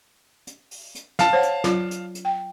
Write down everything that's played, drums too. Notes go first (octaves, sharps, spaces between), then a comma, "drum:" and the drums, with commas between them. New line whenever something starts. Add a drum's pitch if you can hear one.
drum: hi-hat
drum: open hi-hat
drum: hi-hat
F5 A5, drum: snare
C5 C#5 F#5
drum: hi-hat
F#3 F4, drum: snare
drum: hi-hat
drum: hi-hat
G5